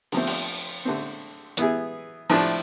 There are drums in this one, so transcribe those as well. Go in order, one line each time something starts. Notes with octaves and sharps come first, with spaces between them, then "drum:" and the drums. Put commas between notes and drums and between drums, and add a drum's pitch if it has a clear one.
D3 F3 A3 C4, drum: cymbal
drum: cymbal
D3 A3 C4
E3 B3 E4 G#4, drum: hi-hat
A2 F3 A3 D4, drum: cymbal